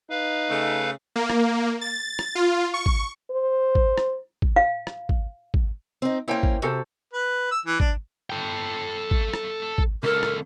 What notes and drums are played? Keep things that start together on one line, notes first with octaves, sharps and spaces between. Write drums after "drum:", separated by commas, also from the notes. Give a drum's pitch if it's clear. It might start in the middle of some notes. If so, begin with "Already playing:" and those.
D#4 B4 F5
C#3 A3
A#3
drum: rim click
A6
drum: rim click
F4
C#6
drum: kick G#1
C5
drum: kick G#1
drum: rim click
drum: kick G#1
F5
drum: rim click
drum: kick G#1
drum: kick G#1
C4 D#4
A#3 C#4 E4 C5 G5
drum: kick G#1
C3 F#4 A4 C5
B4
E6
E3
D4, drum: kick G#1
A4 G5
drum: kick G#1
drum: rim click
drum: kick G#1
C#2 A4 A#4
drum: rim click